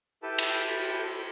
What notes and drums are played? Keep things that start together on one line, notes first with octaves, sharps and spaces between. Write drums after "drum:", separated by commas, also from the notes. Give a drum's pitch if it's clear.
E4 G4 A4 B4 G5 A5
drum: cymbal